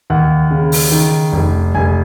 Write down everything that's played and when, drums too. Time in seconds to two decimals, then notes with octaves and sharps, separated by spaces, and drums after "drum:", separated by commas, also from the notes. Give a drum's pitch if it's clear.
0.10 D#2 F#5
0.51 C#3
0.72 drum: open hi-hat
0.92 D#3
1.33 F1
1.75 F1 G#5